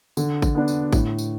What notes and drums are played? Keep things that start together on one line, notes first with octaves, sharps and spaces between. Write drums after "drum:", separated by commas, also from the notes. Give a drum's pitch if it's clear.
D3, drum: tambourine
drum: kick G#1, tambourine
B3 D4
drum: tambourine
A2, drum: kick G#1, tambourine
drum: tambourine